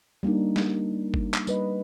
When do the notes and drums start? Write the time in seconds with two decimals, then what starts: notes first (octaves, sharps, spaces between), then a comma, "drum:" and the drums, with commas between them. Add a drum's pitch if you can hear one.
0.23 G3 A#3 D4 D#4
0.56 drum: snare
1.14 drum: kick G1
1.34 drum: clap
1.47 G3 B4 D#5, drum: tambourine